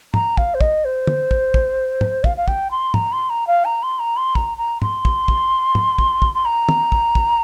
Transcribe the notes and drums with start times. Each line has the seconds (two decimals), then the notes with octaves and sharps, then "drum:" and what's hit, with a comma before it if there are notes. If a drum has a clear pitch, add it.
0.14 A#5, drum: tom
0.37 F5, drum: kick
0.54 C5
0.61 D#5, drum: kick
0.85 C5
1.07 drum: tom
1.31 drum: kick
1.54 drum: kick
2.01 drum: tom
2.24 F5, drum: kick
2.37 F5
2.48 G5, drum: kick
2.71 C6
2.94 A#5, drum: tom
3.12 C6
3.30 A#5
3.47 F5
3.65 A#5
3.83 C6
3.99 A#5
4.17 C6
4.35 A#5, drum: kick
4.58 A#5
4.82 C6, drum: tom
5.05 drum: kick
5.28 drum: kick
5.75 drum: tom
5.98 drum: kick
6.22 drum: kick
6.35 C6
6.45 A#5
6.69 drum: tom
6.92 drum: kick
7.15 drum: kick